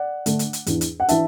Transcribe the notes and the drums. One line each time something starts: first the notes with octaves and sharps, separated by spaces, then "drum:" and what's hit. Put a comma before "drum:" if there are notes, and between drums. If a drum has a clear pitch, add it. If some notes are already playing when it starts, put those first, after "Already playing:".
Already playing: D5 F#5
D3 A3 D4, drum: hi-hat
drum: hi-hat
drum: hi-hat
E2 E3 D4, drum: hi-hat
drum: hi-hat
F#5
E3 D4 E5 A5, drum: hi-hat